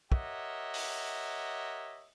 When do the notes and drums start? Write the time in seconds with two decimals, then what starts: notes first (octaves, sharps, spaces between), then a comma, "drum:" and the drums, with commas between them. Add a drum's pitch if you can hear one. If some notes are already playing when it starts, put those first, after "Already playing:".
0.12 G4 A#4 C#5 D#5 E5 F#5, drum: kick
0.74 drum: open hi-hat